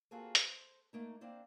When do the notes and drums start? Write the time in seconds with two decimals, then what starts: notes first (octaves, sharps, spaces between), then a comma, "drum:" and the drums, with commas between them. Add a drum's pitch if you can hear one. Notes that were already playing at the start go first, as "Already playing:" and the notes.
0.11 A#3 C4 F4 F#4 G#4 A4
0.35 C5, drum: hi-hat
0.93 A3 A#3 D#4
1.21 A#3 C4 D4 C5